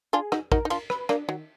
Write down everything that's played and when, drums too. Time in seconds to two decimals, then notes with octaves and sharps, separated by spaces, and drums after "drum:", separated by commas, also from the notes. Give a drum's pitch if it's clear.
0.13 D4 F4 G#4
0.32 D#4 F#4, drum: rim click
0.52 D#4 F#4 A#4, drum: kick
0.65 D#4
0.70 D4 F4, drum: cymbal
0.90 B4, drum: rim click
1.09 A#3 D4, drum: rim click
1.28 D#3 F#3